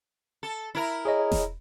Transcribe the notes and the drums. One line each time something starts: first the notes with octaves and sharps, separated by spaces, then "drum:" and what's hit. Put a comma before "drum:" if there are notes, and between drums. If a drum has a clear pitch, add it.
A4
E4 A#4
G#4 C#5 D#5
drum: snare E1